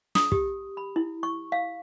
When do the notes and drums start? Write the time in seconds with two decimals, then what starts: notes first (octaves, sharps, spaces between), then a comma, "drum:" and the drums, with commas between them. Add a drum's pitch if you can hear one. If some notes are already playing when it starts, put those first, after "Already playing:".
0.15 D#6, drum: snare
0.32 G4, drum: kick
0.77 B5
0.96 E4
1.23 C#6
1.52 F5